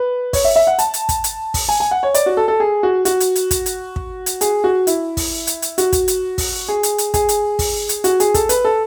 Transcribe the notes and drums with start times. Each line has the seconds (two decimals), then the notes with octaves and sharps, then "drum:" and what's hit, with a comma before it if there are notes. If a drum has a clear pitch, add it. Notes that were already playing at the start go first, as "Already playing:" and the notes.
Already playing: B4
0.33 C#5, drum: kick, open hi-hat
0.44 E5
0.56 E5
0.67 F#5
0.79 A5, drum: hi-hat
0.94 drum: hi-hat
1.09 drum: kick, hi-hat
1.24 drum: hi-hat
1.54 drum: kick, open hi-hat
1.69 G#5
1.80 G#5
1.91 F#5
2.03 C#5
2.14 D5, drum: hi-hat
2.26 F#4
2.37 A4
2.48 A4
2.60 G#4
2.83 F#4
3.05 F#4, drum: hi-hat
3.20 drum: hi-hat
3.36 drum: hi-hat
3.51 drum: kick, hi-hat
3.66 drum: hi-hat
3.96 drum: kick
4.26 drum: hi-hat
4.41 G#4, drum: hi-hat
4.64 F#4
4.87 E4, drum: hi-hat
5.17 drum: kick, open hi-hat
5.47 drum: hi-hat
5.62 drum: hi-hat
5.78 F#4, drum: hi-hat
5.93 drum: kick, hi-hat
6.08 drum: hi-hat
6.38 drum: kick, open hi-hat
6.68 G#4
6.83 drum: hi-hat
6.98 drum: hi-hat
7.14 G#4, drum: kick, hi-hat
7.29 drum: hi-hat
7.59 drum: kick, open hi-hat
7.89 drum: hi-hat
8.04 F#4, drum: hi-hat
8.20 G#4, drum: hi-hat
8.34 A4, drum: kick, hi-hat
8.49 B4, drum: hi-hat
8.65 A4